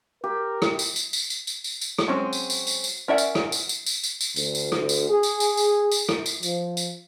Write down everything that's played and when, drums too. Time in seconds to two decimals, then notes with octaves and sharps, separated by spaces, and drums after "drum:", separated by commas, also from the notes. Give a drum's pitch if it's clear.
0.24 G4 A#4
0.62 drum: rim click
0.79 drum: tambourine
0.96 drum: tambourine
1.13 drum: tambourine
1.30 drum: tambourine
1.47 drum: tambourine
1.64 drum: tambourine
1.81 drum: tambourine
1.98 drum: rim click
2.08 F#3 G#3 C4 C#4
2.33 drum: tambourine
2.50 drum: tambourine
2.67 drum: tambourine
2.84 drum: tambourine
3.08 C#4 A#4 D5 E5 F#5
3.18 drum: tambourine
3.35 drum: rim click
3.52 drum: tambourine
3.69 drum: tambourine
3.86 drum: tambourine
4.04 drum: tambourine
4.21 drum: tambourine
4.36 D2, drum: tambourine
4.55 drum: tambourine
4.72 drum: rim click
4.89 drum: tambourine
5.10 G#4
5.23 drum: tambourine
5.40 drum: tambourine
5.57 drum: tambourine
5.91 drum: tambourine
6.09 drum: rim click
6.26 drum: tambourine
6.43 F3, drum: tambourine
6.77 drum: tambourine